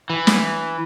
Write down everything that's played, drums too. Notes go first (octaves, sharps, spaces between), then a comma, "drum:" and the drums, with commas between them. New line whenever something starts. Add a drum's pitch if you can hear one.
E3
drum: snare